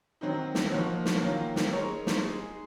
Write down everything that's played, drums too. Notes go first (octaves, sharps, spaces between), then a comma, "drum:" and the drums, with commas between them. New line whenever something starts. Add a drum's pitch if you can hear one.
D#3 F#3 C4 D#4
drum: snare
F3 A#3 D#4 F#4 C#5
drum: snare
D#3 F#3 A#3 C#4 F4
drum: snare
G#3 D#4 A#4 C#5
drum: snare
G#3 D#4 G#4